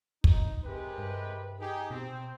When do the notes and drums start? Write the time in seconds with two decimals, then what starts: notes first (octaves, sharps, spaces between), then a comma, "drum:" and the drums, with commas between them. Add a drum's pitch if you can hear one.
0.24 D#4, drum: kick
0.64 C3 G#3 G4 A#4 B4
0.98 G2
1.60 D#4 G4 G#4
1.91 B2 C4 C5